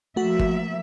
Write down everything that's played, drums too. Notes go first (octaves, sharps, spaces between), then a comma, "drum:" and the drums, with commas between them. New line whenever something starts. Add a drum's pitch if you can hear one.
F3 A3 A#3 F#4 E5
drum: kick